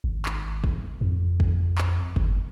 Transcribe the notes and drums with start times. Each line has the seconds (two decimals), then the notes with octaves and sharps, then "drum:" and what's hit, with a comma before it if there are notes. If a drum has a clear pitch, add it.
0.04 G#1
0.26 drum: clap
0.64 drum: kick
1.01 F2
1.40 drum: kick
1.78 drum: clap
2.16 G1, drum: kick